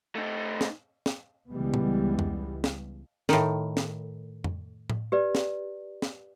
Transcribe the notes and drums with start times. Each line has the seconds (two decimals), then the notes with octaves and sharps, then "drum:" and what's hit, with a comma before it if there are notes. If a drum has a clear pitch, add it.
0.15 A3 D#4
0.61 drum: snare
1.06 drum: snare
1.50 C#2 E3 G3 G#3 B3
1.74 drum: tom
2.19 drum: tom F2
2.64 drum: snare
3.29 A2 D#3, drum: snare
3.77 drum: snare
4.44 drum: tom F2
4.90 drum: tom A2
5.12 G4 B4 D5
5.35 drum: snare
6.02 drum: snare